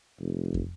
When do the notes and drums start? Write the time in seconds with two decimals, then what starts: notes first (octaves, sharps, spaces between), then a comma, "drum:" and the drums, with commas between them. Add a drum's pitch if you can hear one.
0.20 F1
0.54 drum: kick